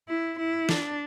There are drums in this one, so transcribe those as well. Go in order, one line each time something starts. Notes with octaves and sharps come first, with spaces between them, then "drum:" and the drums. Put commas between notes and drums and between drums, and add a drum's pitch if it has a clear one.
E4
E4
D4, drum: snare